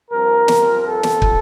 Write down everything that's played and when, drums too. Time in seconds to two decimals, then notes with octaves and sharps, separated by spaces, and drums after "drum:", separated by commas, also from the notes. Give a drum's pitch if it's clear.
0.11 G2 F3 C4 A#4
0.48 drum: snare
0.85 A4
1.03 drum: snare
1.22 drum: kick